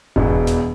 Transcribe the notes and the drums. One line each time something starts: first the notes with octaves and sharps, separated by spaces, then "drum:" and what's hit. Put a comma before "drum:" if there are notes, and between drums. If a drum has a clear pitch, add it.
E1 E2 B2, drum: kick F1
drum: snare